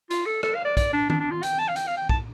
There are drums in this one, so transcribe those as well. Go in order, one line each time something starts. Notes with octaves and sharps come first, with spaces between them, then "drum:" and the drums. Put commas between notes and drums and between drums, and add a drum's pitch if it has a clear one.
F4, drum: hi-hat
A4
A4, drum: rim click
F5
D5
D5, drum: kick, hi-hat
D4
D4, drum: tom D#3
D4
F4
G5, drum: hi-hat
A5
F5
G5, drum: hi-hat
F5
G5
A5, drum: kick